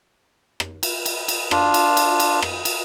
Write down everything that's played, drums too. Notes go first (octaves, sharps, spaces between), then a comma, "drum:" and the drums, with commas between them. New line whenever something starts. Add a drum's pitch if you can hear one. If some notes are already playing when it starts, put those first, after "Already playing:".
drum: rim click
drum: cymbal
drum: cymbal
drum: cymbal
D4 F4, drum: rim click
drum: cymbal
drum: cymbal
drum: cymbal
drum: rim click
drum: cymbal